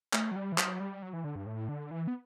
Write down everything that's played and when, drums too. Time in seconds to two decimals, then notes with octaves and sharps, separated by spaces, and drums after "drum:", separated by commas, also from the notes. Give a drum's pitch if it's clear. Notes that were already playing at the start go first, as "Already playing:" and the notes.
0.13 A3, drum: clap
0.32 F#3
0.36 G3
0.52 E3
0.58 F#3, drum: clap
0.80 G3
1.02 F#3
1.13 E3
1.24 D3
1.36 G2
1.46 A2
1.69 D3
1.91 E3
2.07 B3